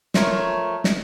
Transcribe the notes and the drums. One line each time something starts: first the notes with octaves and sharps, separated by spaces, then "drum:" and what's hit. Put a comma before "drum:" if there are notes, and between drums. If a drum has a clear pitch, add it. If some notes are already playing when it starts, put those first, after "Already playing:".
F3 A3 A#4 C#5, drum: snare
drum: snare